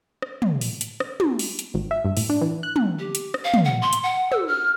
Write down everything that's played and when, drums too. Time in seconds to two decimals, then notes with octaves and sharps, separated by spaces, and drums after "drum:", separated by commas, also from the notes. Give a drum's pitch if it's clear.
0.22 drum: rim click
0.42 drum: tom
0.61 drum: open hi-hat
0.81 drum: hi-hat
1.00 drum: rim click
1.20 drum: tom
1.39 drum: open hi-hat
1.59 drum: hi-hat
1.74 G#1
1.91 E5
2.05 G2
2.17 A2, drum: open hi-hat
2.29 D4
2.41 E3
2.63 F#6
2.76 drum: tom
2.99 G4
3.15 drum: hi-hat
3.34 drum: rim click
3.44 F5
3.54 drum: tom
3.64 F#5
3.82 C6
3.93 drum: hi-hat
4.03 F#5
4.32 E6, drum: tom
4.48 F6